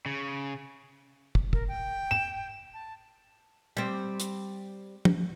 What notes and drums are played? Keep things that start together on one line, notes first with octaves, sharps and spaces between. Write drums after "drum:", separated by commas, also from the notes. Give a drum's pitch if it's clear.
C#3
drum: kick
A#4, drum: kick
G5
E7
A5
G3 C4
drum: hi-hat
drum: tom